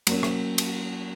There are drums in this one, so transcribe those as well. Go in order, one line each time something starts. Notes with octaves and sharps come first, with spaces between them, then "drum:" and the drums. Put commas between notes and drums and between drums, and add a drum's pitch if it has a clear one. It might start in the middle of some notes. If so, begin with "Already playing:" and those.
F#3 A#3 C#4, drum: cymbal
drum: rim click
drum: cymbal